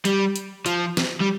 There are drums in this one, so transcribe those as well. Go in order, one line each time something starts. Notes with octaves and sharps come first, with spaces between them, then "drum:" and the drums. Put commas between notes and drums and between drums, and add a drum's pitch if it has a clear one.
G3, drum: hi-hat
drum: hi-hat
F3, drum: hi-hat
drum: snare
G3